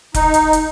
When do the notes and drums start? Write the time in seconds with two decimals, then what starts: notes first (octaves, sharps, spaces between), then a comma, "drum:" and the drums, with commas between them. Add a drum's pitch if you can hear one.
0.14 D#4, drum: kick F1, hi-hat
0.34 drum: hi-hat
0.53 drum: hi-hat